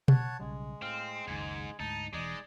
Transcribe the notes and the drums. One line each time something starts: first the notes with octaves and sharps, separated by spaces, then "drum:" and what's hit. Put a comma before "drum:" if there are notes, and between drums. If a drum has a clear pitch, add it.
C#5 F#5 A5, drum: tom B2
B1 C#3 G3 G#3
A2 C4 F5
F#1 C#2 G#2 D#3 G#5
D2 G#2 D#4 A5
E1 E2 G#3 D#4 D5 D#6